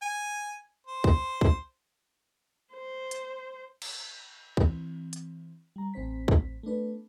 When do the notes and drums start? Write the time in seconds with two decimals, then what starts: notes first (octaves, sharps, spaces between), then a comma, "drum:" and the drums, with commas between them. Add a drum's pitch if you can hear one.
0.03 G#5
0.87 C5
1.04 drum: kick
1.41 drum: kick
2.73 C5
3.11 drum: hi-hat
3.82 drum: cymbal
4.57 E3 C4, drum: kick
5.13 drum: hi-hat
5.76 G3 A#5
5.94 A1 C4 C5 B6
6.28 drum: kick
6.63 A3 B3 D4 B4